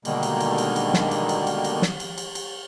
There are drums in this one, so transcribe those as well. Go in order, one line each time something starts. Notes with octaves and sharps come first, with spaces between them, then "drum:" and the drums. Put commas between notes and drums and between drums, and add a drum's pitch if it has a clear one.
B2 D3 D#3 G3 G#3 A#3, drum: cymbal
drum: cymbal
drum: cymbal
drum: cymbal
drum: cymbal
drum: snare
drum: cymbal
drum: cymbal
drum: cymbal
drum: cymbal
drum: snare
drum: cymbal
drum: cymbal
drum: cymbal